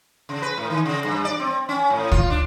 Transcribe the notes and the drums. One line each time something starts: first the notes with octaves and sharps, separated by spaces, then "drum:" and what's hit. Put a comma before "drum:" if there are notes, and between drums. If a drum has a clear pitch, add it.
C#3
B4
A2
D#3
C#3
G2
D5
C4
C#4
A2
F4, drum: kick
D4